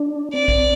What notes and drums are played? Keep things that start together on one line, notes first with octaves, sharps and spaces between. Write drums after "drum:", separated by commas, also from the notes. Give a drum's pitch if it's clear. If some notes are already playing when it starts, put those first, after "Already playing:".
Already playing: D4
C4 D5
drum: kick A#1